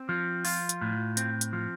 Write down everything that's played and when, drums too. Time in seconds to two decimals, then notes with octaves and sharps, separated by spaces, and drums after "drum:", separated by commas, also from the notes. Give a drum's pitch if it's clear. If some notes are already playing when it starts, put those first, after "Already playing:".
Already playing: C4
0.09 F3
0.45 F4, drum: open hi-hat
0.69 drum: hi-hat
0.81 A2
1.17 C4, drum: hi-hat
1.41 drum: hi-hat
1.53 F3